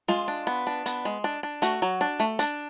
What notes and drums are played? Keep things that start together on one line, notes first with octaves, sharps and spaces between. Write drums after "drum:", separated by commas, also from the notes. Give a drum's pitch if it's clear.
G#3 F4, drum: snare
D4
B3
D4
B3, drum: hi-hat
G#3
D4
D4
A3 F#4, drum: hi-hat
F#3
D4
A3
D4, drum: hi-hat